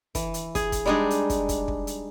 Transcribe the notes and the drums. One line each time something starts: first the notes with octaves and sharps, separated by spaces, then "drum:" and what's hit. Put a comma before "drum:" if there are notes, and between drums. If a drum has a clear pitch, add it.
E3, drum: kick, hi-hat
drum: hi-hat
G#4, drum: kick, hi-hat
drum: kick, hi-hat
G3 G#3 D4 D#4 G#4
drum: hi-hat
drum: kick, hi-hat
drum: kick, hi-hat
drum: kick
drum: hi-hat